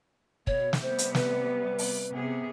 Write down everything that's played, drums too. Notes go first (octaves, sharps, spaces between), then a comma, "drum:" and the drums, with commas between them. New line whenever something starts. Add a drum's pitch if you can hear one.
B2 C#5, drum: kick
drum: snare
C3 G3 B3 C5
drum: hi-hat
B4, drum: snare
drum: open hi-hat
C3 B3 G#4